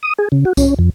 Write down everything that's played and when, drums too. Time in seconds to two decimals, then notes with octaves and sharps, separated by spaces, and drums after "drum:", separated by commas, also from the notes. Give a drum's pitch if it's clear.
0.03 D#6
0.18 G#4
0.32 C#3
0.45 F#4
0.57 C#4, drum: kick C2, tambourine
0.79 F2